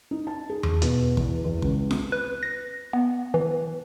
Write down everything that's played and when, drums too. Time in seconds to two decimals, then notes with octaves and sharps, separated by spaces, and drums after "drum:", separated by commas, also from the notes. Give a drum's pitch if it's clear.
0.11 D#4
0.27 A5
0.50 G#4
0.63 drum: tom E2
0.82 B2, drum: hi-hat
1.17 E2, drum: kick
1.44 E2
1.62 C#2, drum: kick
1.91 drum: snare F4
2.12 B4
2.43 A#6
2.93 B3
3.34 E3